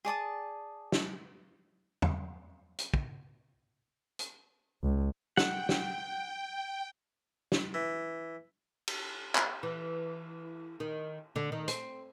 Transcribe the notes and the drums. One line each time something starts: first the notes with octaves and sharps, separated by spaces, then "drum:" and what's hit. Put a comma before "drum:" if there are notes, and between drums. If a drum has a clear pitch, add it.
G#4 D5 A5 D#6
drum: snare
drum: tom E2
drum: hi-hat
drum: kick
drum: hi-hat
C#2
F#5 G5, drum: snare
drum: snare
drum: snare
E3
drum: cymbal
drum: clap
E3
D#3
D3
D#3
C4, drum: hi-hat